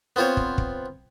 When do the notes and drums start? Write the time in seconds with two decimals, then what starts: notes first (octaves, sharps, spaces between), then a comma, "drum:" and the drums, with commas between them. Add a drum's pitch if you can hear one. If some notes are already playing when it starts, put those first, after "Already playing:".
0.16 B3 C4 F4 C5 C#5
0.37 drum: kick
0.58 drum: kick